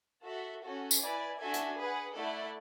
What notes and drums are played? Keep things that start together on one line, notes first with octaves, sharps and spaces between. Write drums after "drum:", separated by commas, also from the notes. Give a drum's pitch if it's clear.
F#4 A4 E5
C#4 F#4 A4
drum: tambourine
E4 B4 D5 G#5
D4 F#4 A4 E5 G#5
drum: hi-hat
G#4 B4 F#5
A3 E4 A4 D5 F#5